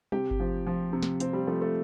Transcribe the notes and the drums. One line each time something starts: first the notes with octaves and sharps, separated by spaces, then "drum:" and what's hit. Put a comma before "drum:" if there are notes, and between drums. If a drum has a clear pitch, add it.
C3 G4, drum: tom
drum: kick G1
F3
F3
C3
drum: snare
C3 C4, drum: hi-hat
G3
F3 A3
A3